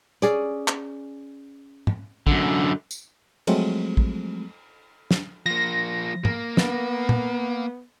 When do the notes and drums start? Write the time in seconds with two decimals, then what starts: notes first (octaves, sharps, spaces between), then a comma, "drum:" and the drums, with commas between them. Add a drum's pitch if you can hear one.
0.22 C#4 G#4 D5, drum: hi-hat
0.68 drum: clap
1.87 drum: tom
2.27 F#2 D3, drum: kick
2.91 drum: tambourine
3.47 F3 F#3 G#3 A3 C4, drum: cymbal
3.97 drum: kick
5.11 drum: snare
5.46 F3 A#3 A#6
6.25 A#3, drum: tom
6.57 B3, drum: snare
7.09 drum: tom